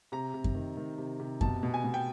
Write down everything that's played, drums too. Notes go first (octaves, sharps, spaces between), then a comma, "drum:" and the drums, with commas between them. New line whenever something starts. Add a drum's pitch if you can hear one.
C3 A#5
C3
drum: kick F#2
D#3
D#3
C3
C3
B2 A5, drum: kick F#2
B2
G#5
B2
G5